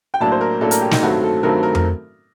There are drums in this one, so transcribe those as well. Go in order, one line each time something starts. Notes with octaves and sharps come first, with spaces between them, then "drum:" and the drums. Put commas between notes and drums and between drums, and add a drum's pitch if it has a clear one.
G5
A2 F#3 A#3 D4 A5
C5
A#4
A2 F#3 A#3 D4 A4
A#4, drum: hi-hat
G4
D#4, drum: snare
G2 D#3 F#3 A3 C4 F#4
A4
G2 D#3 F#3 A3 C4 A#4
A#4
A#4, drum: tom F2